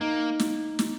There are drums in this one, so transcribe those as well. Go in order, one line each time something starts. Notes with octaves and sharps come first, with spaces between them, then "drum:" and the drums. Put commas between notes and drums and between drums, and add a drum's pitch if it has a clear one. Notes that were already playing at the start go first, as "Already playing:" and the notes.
A#3 D#4
drum: snare
drum: snare